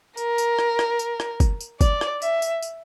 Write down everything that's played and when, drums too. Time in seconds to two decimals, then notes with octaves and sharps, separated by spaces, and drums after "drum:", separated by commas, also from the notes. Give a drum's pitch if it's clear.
0.17 A#4, drum: tambourine
0.38 drum: tambourine
0.59 drum: rim click
0.79 drum: rim click
0.99 drum: tambourine
1.20 drum: rim click
1.40 drum: kick, tambourine
1.61 drum: tambourine
1.81 D5, drum: kick, tambourine
2.01 drum: rim click
2.22 E5, drum: tambourine
2.42 drum: tambourine
2.62 drum: tambourine